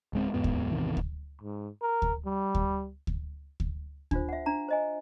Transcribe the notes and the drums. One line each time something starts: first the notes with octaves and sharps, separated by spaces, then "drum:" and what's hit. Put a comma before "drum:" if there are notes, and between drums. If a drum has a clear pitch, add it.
D1 G#3 C4
E2 G#2 B3
drum: kick D2
A1 E2 C3 D#3
drum: kick D2
G#2
A#4
drum: kick D2
G3
drum: kick D2
drum: kick D2
drum: kick D2
D4 F4 C5, drum: kick D2
E5 F#5
D4 A#5
C5 D#5 G#5